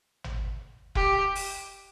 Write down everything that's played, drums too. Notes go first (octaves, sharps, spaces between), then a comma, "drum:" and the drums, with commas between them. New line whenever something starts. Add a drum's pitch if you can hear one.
drum: tom
G4, drum: kick F1
drum: open hi-hat